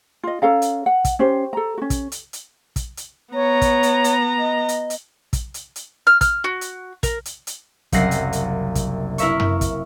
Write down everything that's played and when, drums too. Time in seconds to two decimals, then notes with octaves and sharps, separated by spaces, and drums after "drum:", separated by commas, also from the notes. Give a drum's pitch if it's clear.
0.23 F4 D#5
0.42 C#4 A4 F5 A#5
0.62 drum: hi-hat
0.86 F#5
1.05 drum: kick, hi-hat
1.19 C#4 G4 C5
1.53 A4 A#5
1.78 C#4 F#4
1.90 drum: kick, hi-hat
2.12 drum: hi-hat
2.33 drum: hi-hat
2.76 drum: kick, hi-hat
2.97 drum: hi-hat
3.34 B3 C#5 A#5
3.61 drum: kick, hi-hat
3.83 drum: hi-hat
4.04 drum: hi-hat
4.39 D#5
4.69 drum: hi-hat
4.90 drum: hi-hat
5.33 drum: kick, hi-hat
5.54 drum: hi-hat
5.76 drum: hi-hat
6.07 F6
6.21 F6, drum: kick, hi-hat
6.44 F#4
6.61 drum: hi-hat
7.03 A#4, drum: kick, hi-hat
7.25 drum: hi-hat
7.47 drum: hi-hat
7.92 F#1 C2 F#5 A#6 C7, drum: kick, hi-hat
8.11 drum: hi-hat
8.33 drum: hi-hat
8.75 drum: kick, hi-hat
9.18 E4 A#4 E5 C#6, drum: hi-hat
9.40 drum: tom
9.61 drum: kick, hi-hat